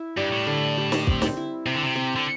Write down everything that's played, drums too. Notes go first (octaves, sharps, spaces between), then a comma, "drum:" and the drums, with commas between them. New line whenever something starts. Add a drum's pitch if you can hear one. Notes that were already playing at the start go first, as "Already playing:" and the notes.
Already playing: E4
G2 G3
A2
D3
G3
drum: snare
C4, drum: kick
drum: snare
E4
C3 C4
D3
C3
C4
D3